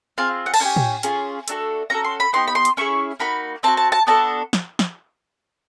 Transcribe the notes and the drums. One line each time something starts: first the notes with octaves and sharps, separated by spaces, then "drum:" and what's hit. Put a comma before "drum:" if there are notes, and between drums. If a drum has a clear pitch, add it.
C4 F4 G#4 F5
F#5
A5, drum: cymbal
C#4 E4 G4 G#5
drum: tom
C#4 F4 G#4, drum: hi-hat
A3 D4 F#4 A4, drum: hi-hat
C#4 F#4 A4 A#5
C6
B5
B3 D#4 G4 C6
B5
C6
drum: hi-hat
C#4 E4 G#4 C#6
A#3 D#4 F#4 B5
C4 D#4 F#4 A5
A5
A5
B3 D4 F#4 A4 A5
drum: snare
drum: snare